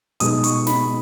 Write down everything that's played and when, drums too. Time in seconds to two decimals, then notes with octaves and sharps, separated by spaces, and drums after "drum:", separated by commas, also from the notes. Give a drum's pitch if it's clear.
0.20 B2 G#3 D#4 D#6, drum: hi-hat
0.44 C#6, drum: hi-hat
0.67 B5, drum: snare